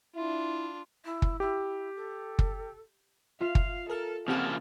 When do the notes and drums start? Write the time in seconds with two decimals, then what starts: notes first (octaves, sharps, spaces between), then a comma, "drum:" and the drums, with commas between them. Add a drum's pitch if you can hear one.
0.16 D4 E4 F4
1.04 E4
1.22 drum: kick
1.40 E4 G4
1.95 A4
2.39 drum: kick
3.41 F4 E5 F5
3.55 drum: kick
3.89 A4 A#4 F6
4.28 C#3 F3 A#3 C4 G4 F#5 A5